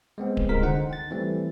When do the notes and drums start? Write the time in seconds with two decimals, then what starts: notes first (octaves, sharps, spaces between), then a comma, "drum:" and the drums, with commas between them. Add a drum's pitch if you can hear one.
0.18 G#3 B3 C4
0.37 drum: kick D1
0.49 C2 C3 G#3 F4 A#4 B6
0.61 D3 D#3 D#4 C5 F#5
0.90 G5 A6
1.11 E3 G3 A3 C4